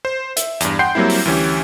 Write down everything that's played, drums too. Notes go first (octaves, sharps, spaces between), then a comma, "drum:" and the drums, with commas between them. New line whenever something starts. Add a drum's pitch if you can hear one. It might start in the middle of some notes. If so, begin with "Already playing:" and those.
C5
E5, drum: hi-hat
E2 G2, drum: hi-hat
F#5 G5 C6 G6 C7
F#3 G3 A#3 C4 E4
drum: open hi-hat
D2 E3 C#4 G4